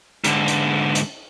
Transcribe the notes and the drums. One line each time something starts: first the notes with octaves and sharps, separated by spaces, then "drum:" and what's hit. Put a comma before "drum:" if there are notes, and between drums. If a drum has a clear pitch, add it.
G#2 D3, drum: hi-hat
drum: hi-hat
drum: hi-hat